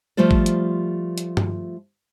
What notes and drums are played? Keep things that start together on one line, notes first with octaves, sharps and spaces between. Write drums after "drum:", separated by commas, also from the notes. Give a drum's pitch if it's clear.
F3 G3 A3 F4 C5 D5
drum: kick
drum: hi-hat
drum: hi-hat
drum: tom G2